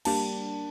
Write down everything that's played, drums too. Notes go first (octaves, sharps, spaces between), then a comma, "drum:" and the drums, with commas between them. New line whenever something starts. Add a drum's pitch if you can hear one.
G3 A#3 D4 G4 A5, drum: cymbal